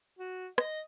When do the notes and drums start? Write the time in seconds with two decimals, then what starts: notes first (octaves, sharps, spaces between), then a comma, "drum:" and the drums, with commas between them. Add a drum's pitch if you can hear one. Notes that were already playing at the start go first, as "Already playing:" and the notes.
0.19 F#4
0.58 D#5, drum: rim click